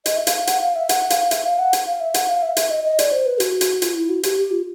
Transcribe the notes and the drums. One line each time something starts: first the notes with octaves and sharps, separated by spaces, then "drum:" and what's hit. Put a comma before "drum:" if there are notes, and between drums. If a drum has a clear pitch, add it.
D#5, drum: hi-hat
E5
F5, drum: hi-hat
F5
F#5, drum: hi-hat
F5
E5
F#5, drum: hi-hat
F5, drum: hi-hat
E5, drum: hi-hat
F5
F#5
drum: hi-hat
F5
E5
F#5, drum: hi-hat
F5
E5
E5, drum: hi-hat
D#5
D#5
D5, drum: hi-hat
C5
B4
F#4, drum: hi-hat
drum: hi-hat
F4, drum: hi-hat
E4
F#4
G4, drum: hi-hat
G4
F4